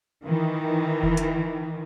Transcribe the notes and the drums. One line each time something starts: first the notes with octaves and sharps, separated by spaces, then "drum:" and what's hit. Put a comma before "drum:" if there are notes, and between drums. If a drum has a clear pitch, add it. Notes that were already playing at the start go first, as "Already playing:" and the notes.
D#3 E3
drum: kick F1
drum: hi-hat